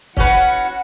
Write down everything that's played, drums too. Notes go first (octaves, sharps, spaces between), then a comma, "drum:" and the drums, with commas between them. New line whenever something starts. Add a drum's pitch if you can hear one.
C#4 F#4 B4 F#5, drum: kick C#1